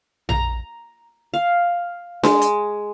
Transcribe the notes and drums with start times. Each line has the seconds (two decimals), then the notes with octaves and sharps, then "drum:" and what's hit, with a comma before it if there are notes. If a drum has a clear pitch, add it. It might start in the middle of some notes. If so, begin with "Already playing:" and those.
0.29 A#5, drum: tom A#1
1.34 F5
2.23 G#3, drum: snare D4
2.41 drum: hi-hat